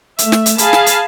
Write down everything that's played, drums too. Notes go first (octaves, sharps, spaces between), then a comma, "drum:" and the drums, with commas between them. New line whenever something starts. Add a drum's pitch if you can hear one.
A3 E5, drum: hi-hat
drum: snare
drum: hi-hat
G#4 F5 G#5 A5 B5, drum: hi-hat
drum: snare
drum: hi-hat